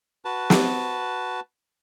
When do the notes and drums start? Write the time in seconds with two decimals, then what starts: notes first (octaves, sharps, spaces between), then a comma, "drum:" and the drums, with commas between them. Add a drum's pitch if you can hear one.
0.25 F#4 B4 A5
0.50 drum: snare